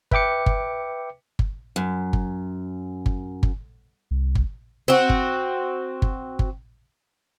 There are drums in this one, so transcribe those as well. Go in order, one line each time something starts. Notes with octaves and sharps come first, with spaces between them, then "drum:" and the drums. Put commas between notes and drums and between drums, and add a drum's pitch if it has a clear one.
B4 E5 G5 D6 C#7, drum: kick G1
drum: kick G1
drum: kick G1
F#2
drum: kick G1
drum: kick G1
drum: kick G1
C2
drum: kick G1
C4 F#4
drum: kick G1
drum: kick G1
drum: kick G1